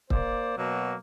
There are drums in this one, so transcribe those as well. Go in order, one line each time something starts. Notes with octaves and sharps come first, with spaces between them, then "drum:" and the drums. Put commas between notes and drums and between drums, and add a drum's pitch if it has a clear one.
A#3 C5 D5, drum: kick
B2 F#3 A#3